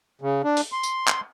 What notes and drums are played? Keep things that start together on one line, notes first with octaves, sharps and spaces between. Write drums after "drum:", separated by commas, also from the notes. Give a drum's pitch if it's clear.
C#3
D4
drum: open hi-hat
C6
drum: tambourine
drum: clap